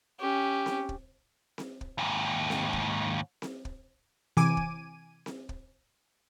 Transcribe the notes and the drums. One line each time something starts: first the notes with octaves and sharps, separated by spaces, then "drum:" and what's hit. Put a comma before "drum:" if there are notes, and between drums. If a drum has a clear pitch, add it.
C#4 G4
drum: snare C4
drum: kick
drum: snare C4
drum: kick
D#2 G#2
drum: snare C4
drum: kick
drum: snare C4
drum: kick
C3 E3 G#5 D6 D#7, drum: snare C4
drum: kick
drum: snare C4
drum: kick